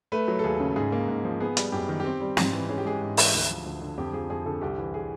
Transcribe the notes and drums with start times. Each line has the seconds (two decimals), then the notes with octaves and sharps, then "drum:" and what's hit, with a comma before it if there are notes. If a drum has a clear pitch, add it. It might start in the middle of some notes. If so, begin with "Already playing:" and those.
0.12 A3 B4
0.28 F#3
0.39 A4
0.44 D#2 G#4
0.60 C#3
0.76 G#2 G#4
0.92 A#3
1.08 G#2
1.24 F3
1.40 B3 G#4
1.57 G3, drum: hi-hat
1.72 F#2 G4
1.89 D#3
2.00 C4 G4
2.21 G3
2.37 G#2, drum: snare
2.53 E3
2.69 C#4 G#4
2.78 G4
2.85 G#3 G#4
3.02 G#2
3.17 E3, drum: open hi-hat
3.33 D2
3.50 F3
3.66 D2
3.82 D3
3.98 F2 G4
4.13 F3 G#4
4.30 F2 G#4
4.46 D3 A4
4.61 C2 G4
4.78 E3
4.94 G#4